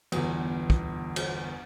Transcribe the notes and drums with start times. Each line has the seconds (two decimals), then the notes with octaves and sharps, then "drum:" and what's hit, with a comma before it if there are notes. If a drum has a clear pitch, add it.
0.12 G1 E2, drum: cymbal
0.70 drum: kick
1.16 drum: cymbal